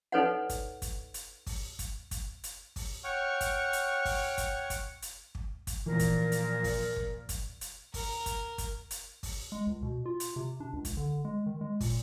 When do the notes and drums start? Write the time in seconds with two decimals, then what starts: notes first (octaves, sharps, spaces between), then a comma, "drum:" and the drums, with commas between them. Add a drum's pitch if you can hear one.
0.12 D#4 A4 B4 C#5 D5 F#5
0.49 drum: kick, hi-hat
0.82 drum: kick, hi-hat
1.14 drum: hi-hat
1.46 drum: kick, open hi-hat
1.79 drum: kick, hi-hat
2.11 drum: kick, hi-hat
2.44 drum: hi-hat
2.76 drum: kick, open hi-hat
3.04 C#5 F#5 G5 C#6 F6
3.41 drum: kick, hi-hat
3.73 drum: hi-hat
4.05 drum: kick, open hi-hat
4.38 drum: kick, hi-hat
4.70 drum: kick, hi-hat
5.02 drum: hi-hat
5.35 drum: kick
5.67 drum: kick, hi-hat
5.86 A#2 E3 F3 A#4
5.99 drum: kick, hi-hat
6.32 drum: hi-hat
6.64 drum: kick, open hi-hat
6.96 drum: kick
7.29 drum: kick, hi-hat
7.61 drum: hi-hat
7.94 A#4, drum: kick, open hi-hat
8.26 drum: kick, hi-hat
8.58 drum: kick, hi-hat
8.91 drum: hi-hat
9.23 drum: kick, open hi-hat
9.52 G#3
9.67 C#2
9.83 B2
10.06 F4
10.20 drum: hi-hat
10.36 C3
10.60 D4
10.73 C#2
10.85 drum: kick, hi-hat
10.97 D3
11.25 G#3
11.46 D#3
11.61 G#3
11.81 A#2, drum: kick, open hi-hat